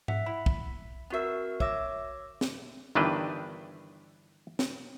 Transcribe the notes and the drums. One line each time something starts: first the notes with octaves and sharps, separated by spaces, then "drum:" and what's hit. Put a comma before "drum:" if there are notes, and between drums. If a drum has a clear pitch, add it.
E5 F#5, drum: tom G#2
E4 B5
drum: kick
B3 C4 F#4 A#4 E5
C#5 E5 D6 A#6, drum: kick
drum: snare
G1 D#3 E3 D4 B4 G5
drum: snare